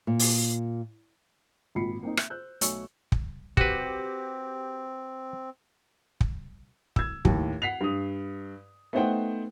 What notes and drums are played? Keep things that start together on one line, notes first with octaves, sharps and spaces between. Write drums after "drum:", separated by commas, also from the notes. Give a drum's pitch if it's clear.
A#2
drum: open hi-hat
G#1 A#2 F4 B5 C7 C#7
A#3 C4 D#4
E5, drum: rim click
C5 E6 F#6 G6
B1 A3 C#5 G#5 C#6 E6, drum: hi-hat
drum: kick
C4 F#4 G4 B4, drum: kick
drum: kick
E6 G#6, drum: kick
D#2 A2, drum: kick
F#5 B6 C7 F7
G2 D#6
A3 B3 D#4 C5 F#5 G5